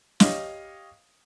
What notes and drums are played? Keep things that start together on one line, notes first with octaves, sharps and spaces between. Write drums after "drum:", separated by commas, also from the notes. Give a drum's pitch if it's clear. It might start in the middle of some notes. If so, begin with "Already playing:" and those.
G4 C#5 D#5 F5, drum: snare